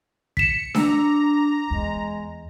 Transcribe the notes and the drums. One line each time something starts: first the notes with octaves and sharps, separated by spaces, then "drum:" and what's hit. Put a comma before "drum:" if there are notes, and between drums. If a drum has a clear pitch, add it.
B6 C#7 E7, drum: kick
D4 A#5 E6, drum: snare D4
E2 G#3